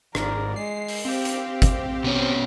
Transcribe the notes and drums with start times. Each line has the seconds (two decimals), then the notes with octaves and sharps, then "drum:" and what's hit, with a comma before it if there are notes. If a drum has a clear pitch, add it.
0.15 G#1 G#2 A#4 D5, drum: rim click
0.56 G#3 C7
0.88 drum: open hi-hat
1.05 C4 G4 F5
1.25 drum: hi-hat
1.62 drum: kick G1, hi-hat
2.04 B2 C#4